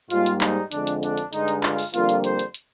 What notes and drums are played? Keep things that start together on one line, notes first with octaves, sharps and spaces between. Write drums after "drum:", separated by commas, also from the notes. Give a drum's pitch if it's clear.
G#2 G3 A#3 F4, drum: hi-hat
drum: hi-hat
D#4, drum: clap
F2 D3 G#3 D4, drum: hi-hat
drum: hi-hat
D4, drum: hi-hat
drum: hi-hat
G2 D3 G#3 D#4, drum: hi-hat
drum: hi-hat
F4, drum: clap
drum: open hi-hat
F2 D3 G3 A#3 F4, drum: hi-hat
drum: hi-hat
C5, drum: hi-hat
drum: hi-hat
drum: hi-hat